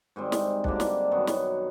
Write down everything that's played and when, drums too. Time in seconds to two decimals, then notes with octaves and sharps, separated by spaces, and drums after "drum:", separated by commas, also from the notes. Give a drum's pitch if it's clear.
0.16 G#2 D#3 G3 C4
0.32 drum: snare
0.64 D3 G3 A#3 D4, drum: kick B1
0.80 drum: snare
1.11 F#2 D#3 F#3 B3
1.27 drum: snare